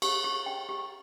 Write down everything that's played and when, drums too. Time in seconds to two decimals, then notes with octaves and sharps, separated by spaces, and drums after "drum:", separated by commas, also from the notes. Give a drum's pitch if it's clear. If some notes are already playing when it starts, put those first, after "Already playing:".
0.02 G4, drum: cymbal
0.24 G4
0.46 G5
0.69 G4